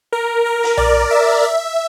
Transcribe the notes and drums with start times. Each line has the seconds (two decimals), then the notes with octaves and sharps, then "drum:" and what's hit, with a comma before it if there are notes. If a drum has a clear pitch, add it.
0.12 A#4
0.46 A#4
0.63 drum: open hi-hat
0.77 D5, drum: tom B1
1.11 E5
1.43 E5